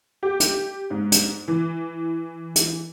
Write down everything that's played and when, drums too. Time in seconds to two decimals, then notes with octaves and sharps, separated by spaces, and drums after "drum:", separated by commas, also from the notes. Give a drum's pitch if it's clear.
0.23 G4
0.40 drum: hi-hat
0.90 G#2
1.12 drum: hi-hat
1.48 E3
2.56 drum: hi-hat